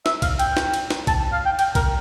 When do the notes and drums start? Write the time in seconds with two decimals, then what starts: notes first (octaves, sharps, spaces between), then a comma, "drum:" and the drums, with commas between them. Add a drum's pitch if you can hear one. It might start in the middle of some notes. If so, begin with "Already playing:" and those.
0.06 E5, drum: snare
0.22 F5, drum: kick, cymbal
0.39 G5, drum: cymbal
0.57 drum: snare
0.74 drum: cymbal
0.90 drum: snare
1.07 A5, drum: kick, cymbal
1.33 F5
1.45 G5
1.59 G5, drum: cymbal
1.75 A#4, drum: kick, cymbal